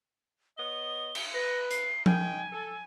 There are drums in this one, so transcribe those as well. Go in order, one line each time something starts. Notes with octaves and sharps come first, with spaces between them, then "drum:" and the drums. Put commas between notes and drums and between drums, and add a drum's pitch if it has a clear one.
B3 C#5 D#5 G7
drum: cymbal
B4 A#6
C7, drum: hi-hat
D#3 G5 G#5, drum: tom
A4